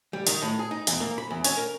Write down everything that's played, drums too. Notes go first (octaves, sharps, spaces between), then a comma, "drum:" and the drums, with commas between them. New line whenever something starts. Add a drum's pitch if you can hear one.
G3
D#3, drum: hi-hat
A2
G#4
D#4
E2, drum: hi-hat
A#3
B5
E2
C#4, drum: hi-hat
A#4